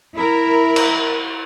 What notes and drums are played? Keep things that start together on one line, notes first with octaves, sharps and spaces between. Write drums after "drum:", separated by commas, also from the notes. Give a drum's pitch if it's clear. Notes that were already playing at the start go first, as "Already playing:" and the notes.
E4 A#4
drum: cymbal